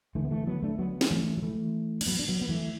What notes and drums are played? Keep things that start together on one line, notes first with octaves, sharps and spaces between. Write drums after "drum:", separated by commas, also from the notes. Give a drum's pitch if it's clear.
D2 D3 E3 A3
B3
E3 A3
F#3 B3
A3 D4
F#3 B3
drum: snare
E3 A3
F#3
E3 A3
D4, drum: cymbal
F#3 B3
D4
F#3 B3
B3
E3 A3